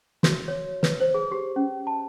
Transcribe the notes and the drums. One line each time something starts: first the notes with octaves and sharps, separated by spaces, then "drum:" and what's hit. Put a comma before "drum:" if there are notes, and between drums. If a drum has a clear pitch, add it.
F#4, drum: snare
C#5
B4, drum: snare
C5
G#4
G4
C#4
A5